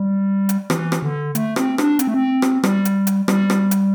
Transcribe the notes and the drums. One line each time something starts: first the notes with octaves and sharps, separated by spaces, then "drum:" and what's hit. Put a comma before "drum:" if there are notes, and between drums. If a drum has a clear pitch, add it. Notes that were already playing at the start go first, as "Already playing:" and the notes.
Already playing: G3
drum: hi-hat
E3, drum: rim click
drum: rim click
D3
A3, drum: hi-hat
C4, drum: rim click
D4, drum: rim click
C4, drum: hi-hat
A3
C4
drum: rim click
G3, drum: rim click
drum: hi-hat
drum: hi-hat
G3, drum: rim click
drum: rim click
drum: hi-hat